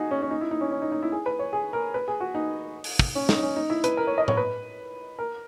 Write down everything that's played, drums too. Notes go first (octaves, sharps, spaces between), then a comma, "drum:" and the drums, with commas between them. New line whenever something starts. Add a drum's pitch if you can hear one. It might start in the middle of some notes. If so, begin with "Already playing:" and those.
Already playing: D#4 F#4 G#4
C#4
C#4
D#4
E4
D#4
C#4
C#4
D#4
D#4
E4
G#4
B4
C#5
G#4
A#4
B4
G#4
F#4
D#4
drum: open hi-hat
drum: kick
C#4
D#4, drum: snare
C#4
D#4
E4
B4, drum: hi-hat
A#4
C#5
D#5
C#5, drum: tom A2
B4
A#4